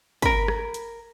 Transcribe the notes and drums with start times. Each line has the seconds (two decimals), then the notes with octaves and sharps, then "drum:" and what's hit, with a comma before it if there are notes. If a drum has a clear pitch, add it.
0.22 A#4 B5, drum: kick, hi-hat
0.48 drum: rim click
0.74 drum: hi-hat